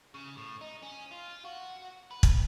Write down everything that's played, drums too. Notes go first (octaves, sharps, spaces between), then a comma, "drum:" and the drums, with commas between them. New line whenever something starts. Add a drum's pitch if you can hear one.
C#3
A2
D#4
C#4
F4
F#4
B4
drum: kick